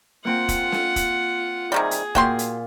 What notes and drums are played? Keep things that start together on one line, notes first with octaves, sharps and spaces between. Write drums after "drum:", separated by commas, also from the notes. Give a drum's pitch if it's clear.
A#3 C4 F4 F#5
drum: kick, hi-hat
drum: snare
drum: kick, hi-hat
C3 D#3 G3 G#4
drum: hi-hat
A#2 F#4 G5 C6, drum: kick
drum: hi-hat